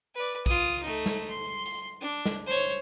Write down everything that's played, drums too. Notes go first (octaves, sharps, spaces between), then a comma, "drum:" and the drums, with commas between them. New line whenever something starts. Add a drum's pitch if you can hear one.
B4 D5
F4 D#6, drum: kick A#1, hi-hat
A3 D#4
drum: snare
C6
drum: hi-hat
D4
drum: snare
C5 C#5